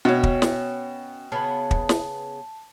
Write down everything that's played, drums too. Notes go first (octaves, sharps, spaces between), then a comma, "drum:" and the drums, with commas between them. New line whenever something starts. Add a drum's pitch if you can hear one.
B2 C#4 E5 G5
drum: kick
drum: snare
C#3 B3 G#4 A5
drum: kick
drum: snare